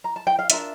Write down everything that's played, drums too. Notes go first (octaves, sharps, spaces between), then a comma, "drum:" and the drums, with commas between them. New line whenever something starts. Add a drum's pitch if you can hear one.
A#5
A5
G5
F5
D4 F4 A#4 E5, drum: hi-hat